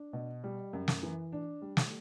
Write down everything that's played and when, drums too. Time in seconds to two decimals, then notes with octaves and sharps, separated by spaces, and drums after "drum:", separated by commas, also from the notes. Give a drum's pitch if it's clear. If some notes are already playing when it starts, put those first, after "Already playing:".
Already playing: D4
0.13 B2
0.44 G3
0.73 F#2
0.88 drum: snare
1.03 E3
1.32 D4
1.62 G3
1.77 drum: snare